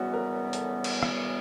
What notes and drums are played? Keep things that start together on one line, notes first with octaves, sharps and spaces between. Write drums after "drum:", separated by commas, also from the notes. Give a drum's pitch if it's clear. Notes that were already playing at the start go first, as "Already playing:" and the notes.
Already playing: F#2 C#3 E3 G3 B3 F#4
A#4
A4, drum: hi-hat
drum: cymbal
drum: rim click